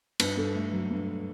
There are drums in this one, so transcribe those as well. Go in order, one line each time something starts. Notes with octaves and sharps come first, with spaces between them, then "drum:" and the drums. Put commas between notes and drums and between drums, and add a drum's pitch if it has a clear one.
G2 B4, drum: cymbal
G2 A4
A3
F#3
G2